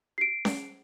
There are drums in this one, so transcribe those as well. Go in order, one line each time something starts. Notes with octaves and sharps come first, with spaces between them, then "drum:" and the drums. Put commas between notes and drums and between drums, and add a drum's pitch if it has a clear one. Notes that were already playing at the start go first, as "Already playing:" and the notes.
C7 D7
drum: snare C#4